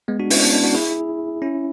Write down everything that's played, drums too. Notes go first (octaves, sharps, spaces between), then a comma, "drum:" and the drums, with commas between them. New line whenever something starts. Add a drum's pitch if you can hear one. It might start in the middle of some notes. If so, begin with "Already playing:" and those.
G#3 B3
D4 F#4
C#4 E4, drum: open hi-hat
B3 D4
B3 D4
D4 F#4
E4 G#4
C#4 E4